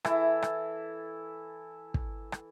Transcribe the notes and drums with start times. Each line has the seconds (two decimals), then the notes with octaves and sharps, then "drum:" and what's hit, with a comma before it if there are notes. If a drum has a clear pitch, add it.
0.05 E3 E4 A4, drum: rim click
0.42 drum: rim click
1.94 drum: kick
2.32 drum: rim click